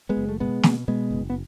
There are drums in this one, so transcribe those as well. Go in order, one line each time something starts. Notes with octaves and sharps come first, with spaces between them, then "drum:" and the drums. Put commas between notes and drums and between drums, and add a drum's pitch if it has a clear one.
G#3 B3
F#1
A3
B2 G#3 B3
B2, drum: snare
B2 G#3 B3
F#1
B3